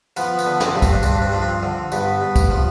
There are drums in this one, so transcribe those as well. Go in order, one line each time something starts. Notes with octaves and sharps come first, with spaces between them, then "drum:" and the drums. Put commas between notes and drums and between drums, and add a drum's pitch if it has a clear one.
F3 B3, drum: tambourine
B3, drum: tambourine
D3
C4, drum: snare
G2
C4, drum: kick, tambourine
D4
G2 C4, drum: tambourine
D4
C4
F3 D4
C4
D3
G2 B3, drum: tambourine
G2
drum: kick, tambourine
F3